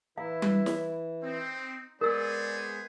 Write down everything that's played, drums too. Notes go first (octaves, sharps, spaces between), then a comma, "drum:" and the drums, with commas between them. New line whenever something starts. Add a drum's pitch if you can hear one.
E3 E4 F5
drum: tom G3
drum: snare
C4 D#4
G#3 B3 G#4 A#4 C5 D5 E6